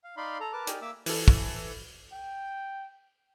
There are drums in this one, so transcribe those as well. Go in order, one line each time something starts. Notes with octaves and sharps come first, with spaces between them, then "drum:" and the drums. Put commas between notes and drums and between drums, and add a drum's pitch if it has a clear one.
F5
D#4 D5 F5 B5 C6
A4 A#5
A#4 B4 A5 D6
D#4 G4 A#4 D5 G#5, drum: hi-hat
A#3 E5 D6 E6
E3 A4, drum: open hi-hat
drum: kick
G5